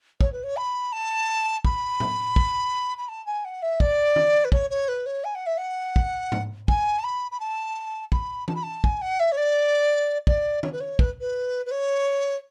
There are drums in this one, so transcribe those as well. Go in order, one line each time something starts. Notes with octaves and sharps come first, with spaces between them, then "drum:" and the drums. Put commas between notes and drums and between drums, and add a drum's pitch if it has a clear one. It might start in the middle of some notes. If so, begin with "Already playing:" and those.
C#5, drum: kick
B4
C#5
B5
A5
B5, drum: kick
drum: tom
drum: kick
B5
A5
G#5
F#5
E5
D5, drum: kick
drum: tom D#3
B4
C#5, drum: kick
C#5
B4
C#5
G#5
F#5
E5
F#5
drum: kick
drum: tom G#2
G#5, drum: kick
A5
B5
B5
A5
B5, drum: kick
A5, drum: tom E3
B5
A5
G#5, drum: kick
F#5
E5
C#5
D5
D5, drum: kick
C#5, drum: tom D#3
B4
C#5
B4, drum: kick
B4
B4
C#5